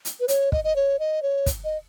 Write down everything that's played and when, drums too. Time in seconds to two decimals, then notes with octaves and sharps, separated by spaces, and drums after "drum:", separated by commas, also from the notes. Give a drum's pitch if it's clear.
0.05 drum: hi-hat
0.20 B4
0.28 C#5, drum: hi-hat
0.52 D#5, drum: kick
0.64 D#5
0.76 C#5
0.99 D#5
1.22 C#5
1.46 drum: kick, hi-hat
1.64 D#5